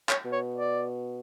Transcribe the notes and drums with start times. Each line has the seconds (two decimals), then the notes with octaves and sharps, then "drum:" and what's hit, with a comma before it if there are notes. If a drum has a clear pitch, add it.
0.09 C#5, drum: clap
0.25 B2
0.32 C#5
0.56 D5